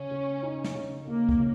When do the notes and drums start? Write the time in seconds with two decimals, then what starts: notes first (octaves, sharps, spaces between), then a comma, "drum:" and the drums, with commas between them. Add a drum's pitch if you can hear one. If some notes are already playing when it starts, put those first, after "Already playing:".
Already playing: C#3 C#4
0.11 C#3
0.43 D#4
0.64 drum: snare
0.75 C#3
1.07 C#3 A#3
1.29 drum: kick
1.40 C#3